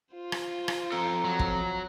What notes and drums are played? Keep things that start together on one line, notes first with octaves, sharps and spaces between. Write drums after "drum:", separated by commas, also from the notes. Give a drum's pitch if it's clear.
F4 C5
drum: rim click
drum: rim click
F3 C4 A4 A#5
F#3
drum: kick